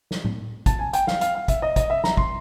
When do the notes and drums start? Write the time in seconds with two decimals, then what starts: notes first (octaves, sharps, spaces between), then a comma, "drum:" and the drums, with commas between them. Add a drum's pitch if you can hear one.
0.11 drum: snare
0.25 drum: tom A2
0.66 A5, drum: kick, hi-hat
0.79 G#5
0.93 G5, drum: hi-hat
1.07 F5, drum: snare
1.21 F5, drum: hi-hat
1.35 F5
1.48 E5, drum: kick, hi-hat
1.62 D#5
1.76 D#5, drum: kick, hi-hat
1.90 E5
2.04 A#5, drum: snare
2.17 C6, drum: kick